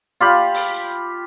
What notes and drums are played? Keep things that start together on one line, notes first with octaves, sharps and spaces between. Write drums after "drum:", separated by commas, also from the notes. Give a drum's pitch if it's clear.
F4 G4 B5
drum: open hi-hat